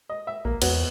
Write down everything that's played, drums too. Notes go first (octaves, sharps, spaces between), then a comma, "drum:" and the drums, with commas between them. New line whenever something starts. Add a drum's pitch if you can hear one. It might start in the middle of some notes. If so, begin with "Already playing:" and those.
D#5
E5
A#1 A#3
E2 B3 F#4 C#5, drum: cymbal